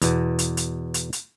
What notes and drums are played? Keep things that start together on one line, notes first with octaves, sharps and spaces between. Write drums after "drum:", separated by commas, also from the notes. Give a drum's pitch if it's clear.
E2 B2, drum: hi-hat
drum: hi-hat
drum: hi-hat
drum: hi-hat
drum: hi-hat